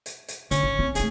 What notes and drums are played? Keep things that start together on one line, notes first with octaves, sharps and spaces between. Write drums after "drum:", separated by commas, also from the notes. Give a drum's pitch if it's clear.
drum: hi-hat
drum: hi-hat
D3 C#4, drum: hi-hat
G#1
C4
A3 D#4 G#4, drum: hi-hat